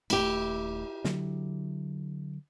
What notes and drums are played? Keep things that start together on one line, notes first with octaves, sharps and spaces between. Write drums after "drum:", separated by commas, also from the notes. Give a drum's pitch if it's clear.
D#1 A3 E4 G4, drum: cymbal
D3 F#3, drum: snare